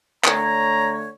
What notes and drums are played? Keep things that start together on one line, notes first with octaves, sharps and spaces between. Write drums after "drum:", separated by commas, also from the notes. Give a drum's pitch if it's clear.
D3 A3 C#5 A#5, drum: clap